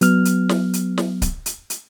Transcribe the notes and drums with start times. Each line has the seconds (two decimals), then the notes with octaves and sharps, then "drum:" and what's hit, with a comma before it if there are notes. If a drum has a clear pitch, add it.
0.01 F#3 B3 F6, drum: hi-hat
0.25 drum: hi-hat
0.49 drum: snare
0.73 drum: hi-hat
0.98 drum: snare
1.22 drum: kick C#1, hi-hat
1.46 drum: hi-hat
1.70 drum: hi-hat